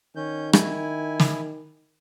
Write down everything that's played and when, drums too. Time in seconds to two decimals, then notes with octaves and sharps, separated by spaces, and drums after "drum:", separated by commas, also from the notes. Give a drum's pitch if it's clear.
0.16 D#3 C#4 G6
0.53 E4 G#5, drum: rim click
1.20 drum: snare